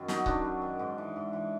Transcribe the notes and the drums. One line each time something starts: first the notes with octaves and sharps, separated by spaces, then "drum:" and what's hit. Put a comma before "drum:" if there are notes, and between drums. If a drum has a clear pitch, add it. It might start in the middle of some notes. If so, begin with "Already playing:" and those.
Already playing: F#2 D#3
F#3 D#4, drum: snare
F#2 D4, drum: kick C#1
F#2
D#3
G#2
E3
G#2
E3